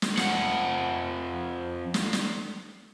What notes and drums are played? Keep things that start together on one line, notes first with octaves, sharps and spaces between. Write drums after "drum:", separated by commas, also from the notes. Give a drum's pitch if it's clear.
drum: snare
F2 F#5, drum: snare
drum: snare
drum: snare